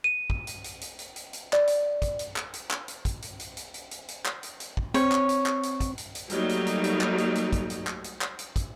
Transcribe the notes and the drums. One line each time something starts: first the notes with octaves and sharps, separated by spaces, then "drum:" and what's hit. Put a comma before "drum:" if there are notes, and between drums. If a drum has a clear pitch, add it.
D#7
drum: kick
drum: hi-hat
drum: hi-hat
drum: hi-hat
drum: hi-hat
drum: hi-hat
drum: hi-hat
D5, drum: clap
drum: hi-hat
drum: kick, hi-hat
drum: hi-hat
drum: clap
drum: hi-hat
drum: clap
drum: hi-hat
drum: kick, hi-hat
drum: hi-hat
drum: hi-hat
drum: hi-hat
drum: hi-hat
drum: hi-hat
drum: hi-hat
drum: clap
drum: hi-hat
drum: hi-hat
drum: kick
C4 C#5, drum: hi-hat
drum: clap
drum: hi-hat
drum: clap
drum: hi-hat
drum: kick, hi-hat
drum: hi-hat
drum: hi-hat
F#3 G3 A3 A#3 D#4, drum: hi-hat
drum: hi-hat
drum: hi-hat
drum: hi-hat
drum: clap
drum: hi-hat
drum: hi-hat
drum: kick, hi-hat
drum: hi-hat
drum: clap
drum: hi-hat
drum: clap
drum: hi-hat
drum: kick, hi-hat